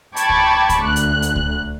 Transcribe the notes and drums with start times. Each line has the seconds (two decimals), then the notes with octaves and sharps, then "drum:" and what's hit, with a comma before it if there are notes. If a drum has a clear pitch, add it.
0.16 G5 A5 B5 C#6 D6 G#6, drum: hi-hat
0.30 drum: kick C#2
0.69 drum: kick C#2, hi-hat
0.83 D2 F#6
0.96 drum: hi-hat
1.22 drum: hi-hat
1.36 drum: kick C#2